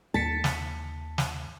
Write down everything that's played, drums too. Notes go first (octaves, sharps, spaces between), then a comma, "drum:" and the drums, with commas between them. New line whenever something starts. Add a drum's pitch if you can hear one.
D#2 A5 B6 C#7
drum: snare
drum: snare